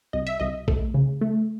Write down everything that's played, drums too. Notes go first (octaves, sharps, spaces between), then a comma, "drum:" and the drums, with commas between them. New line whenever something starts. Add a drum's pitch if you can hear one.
C2 D#5
E5
C2 D#5
A3, drum: kick A#1
C#3
A3